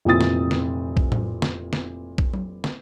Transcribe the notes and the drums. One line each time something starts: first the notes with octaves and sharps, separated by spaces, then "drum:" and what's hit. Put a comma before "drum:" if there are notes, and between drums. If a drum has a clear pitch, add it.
F1 A#2 E3 C4 D#6 A6
drum: snare
drum: snare
drum: kick A#1
drum: tom A2
drum: snare
drum: snare
drum: kick A#1
drum: tom F#3
drum: snare